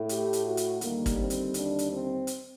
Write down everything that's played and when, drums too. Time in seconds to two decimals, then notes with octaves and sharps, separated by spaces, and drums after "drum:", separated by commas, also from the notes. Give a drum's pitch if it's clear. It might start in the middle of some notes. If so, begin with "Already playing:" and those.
Already playing: A2 A3
0.09 G4, drum: hi-hat
0.33 drum: hi-hat
0.45 F#4
0.57 drum: hi-hat
0.81 D#2 D3 G3 A#3, drum: hi-hat
1.06 drum: kick, hi-hat
1.18 C4
1.30 drum: hi-hat
1.54 D4, drum: hi-hat
1.79 drum: hi-hat
1.91 C4
2.27 drum: hi-hat